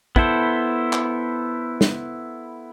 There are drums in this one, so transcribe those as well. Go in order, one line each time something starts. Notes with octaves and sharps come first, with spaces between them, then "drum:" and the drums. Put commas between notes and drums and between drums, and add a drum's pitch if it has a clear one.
B3 E4 A4 C5, drum: kick
drum: clap
drum: snare